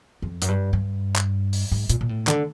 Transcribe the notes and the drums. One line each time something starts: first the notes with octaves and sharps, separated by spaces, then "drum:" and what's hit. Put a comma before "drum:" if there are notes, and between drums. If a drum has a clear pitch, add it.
F2
F#2, drum: hi-hat
G2
G2
drum: clap
drum: open hi-hat
G#2
A#2, drum: hi-hat
A#2
A2
D3, drum: clap